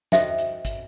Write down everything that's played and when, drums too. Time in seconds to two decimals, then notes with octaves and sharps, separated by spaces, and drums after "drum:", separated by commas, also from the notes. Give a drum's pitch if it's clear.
0.12 F#4 A4 C5 D#5 E5 G5, drum: snare
0.38 drum: hi-hat
0.65 drum: kick, hi-hat